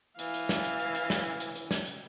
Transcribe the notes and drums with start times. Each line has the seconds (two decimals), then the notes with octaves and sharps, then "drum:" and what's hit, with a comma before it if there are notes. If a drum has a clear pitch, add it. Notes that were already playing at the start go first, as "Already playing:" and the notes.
0.19 E3 F5, drum: hi-hat
0.34 drum: hi-hat
0.49 drum: snare
0.64 drum: hi-hat
0.80 drum: hi-hat
0.95 drum: hi-hat
1.10 drum: snare
1.25 drum: hi-hat
1.40 drum: hi-hat
1.55 drum: hi-hat
1.71 drum: snare
1.86 drum: hi-hat